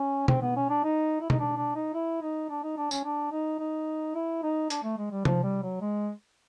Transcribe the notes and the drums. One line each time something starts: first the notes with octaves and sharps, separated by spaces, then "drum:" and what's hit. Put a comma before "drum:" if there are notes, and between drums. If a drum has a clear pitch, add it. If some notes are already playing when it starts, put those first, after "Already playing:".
Already playing: C#4
C4, drum: tom B2
B3
C#4
D4
D#4
E4
D#4, drum: tom B2
D4
D4
D#4
E4
D#4
D4
D#4
D4
C#4, drum: tambourine
D4
D#4
D#4
E4
D#4
D4, drum: hi-hat
A3
G#3
G3
F3, drum: tom C3
G3
F#3
G#3